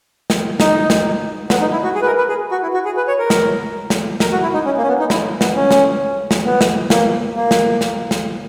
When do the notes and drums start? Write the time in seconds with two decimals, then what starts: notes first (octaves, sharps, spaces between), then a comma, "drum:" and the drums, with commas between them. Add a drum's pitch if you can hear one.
0.30 drum: snare
0.60 D#4, drum: snare
0.90 drum: snare
1.50 B3, drum: snare
1.61 D#4
1.72 E4
1.84 F#4
1.95 G#4
2.02 B4
2.06 A#4
2.18 B4
2.29 G#4
2.51 F#4
2.62 E4
2.74 F#4
2.85 G#4
2.97 B4
3.08 C#5
3.19 A#4
3.30 drum: snare
3.90 drum: snare
4.20 A#4, drum: snare
4.32 F#4
4.42 E4
4.54 D#4
4.65 C#4
4.77 A#3
4.83 C#4
4.88 B3
4.99 D#4
5.10 E4, drum: snare
5.41 B3, drum: snare
5.56 C#4
5.71 drum: snare
6.31 drum: snare
6.46 B3
6.61 drum: snare
6.90 A#3, drum: snare
7.36 A#3
7.51 drum: snare
7.81 drum: snare
8.11 drum: snare